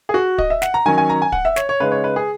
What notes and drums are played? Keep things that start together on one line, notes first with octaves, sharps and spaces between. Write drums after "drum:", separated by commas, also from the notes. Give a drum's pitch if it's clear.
G#4
F#4
D#5, drum: kick
E5
F#5, drum: snare
A#5
D#3 F#3 C#4 G#5
G#5
A#5
G#5
F#5, drum: kick
E5
C#5, drum: snare
C#5
C#3 G#3 D#4 B4
C#5
B4
G#4